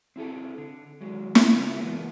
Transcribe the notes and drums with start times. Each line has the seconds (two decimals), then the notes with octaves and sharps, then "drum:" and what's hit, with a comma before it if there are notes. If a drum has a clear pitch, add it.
0.16 C4 E4 G#4 A4
0.58 D3
1.01 D#2 F#3 G#3
1.35 drum: snare
1.52 C#3 A#3 E4 F4 G#4
1.77 E3 G#3 A#3 B3